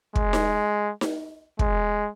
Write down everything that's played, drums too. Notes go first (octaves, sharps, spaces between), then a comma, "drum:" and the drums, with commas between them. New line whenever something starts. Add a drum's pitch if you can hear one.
G#3, drum: kick
drum: snare D#4
drum: snare D#4
G#3, drum: kick